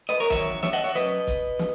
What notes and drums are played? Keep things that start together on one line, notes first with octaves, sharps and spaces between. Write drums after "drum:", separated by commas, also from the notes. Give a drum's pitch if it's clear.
B4 D#5
A#4 C#5
E2 D#3 F#3 C#5 E5, drum: kick, hi-hat
C#5 E5, drum: snare
D#5 F#5
C#5 E5
F#2 E3 B4 D#5, drum: hi-hat
drum: kick, hi-hat
drum: snare